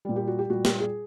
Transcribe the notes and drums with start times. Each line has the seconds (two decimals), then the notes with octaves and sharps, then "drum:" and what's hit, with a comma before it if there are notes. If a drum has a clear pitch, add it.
0.05 A#2 G3
0.16 G4
0.27 F#4
0.39 G4
0.50 A#2 G3 F#4
0.65 G4, drum: snare
0.80 G#4